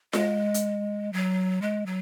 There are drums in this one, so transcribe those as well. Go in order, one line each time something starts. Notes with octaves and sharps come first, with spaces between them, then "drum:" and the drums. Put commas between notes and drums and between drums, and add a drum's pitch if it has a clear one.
G#3, drum: snare F4
drum: hi-hat
F#3
G#3
F#3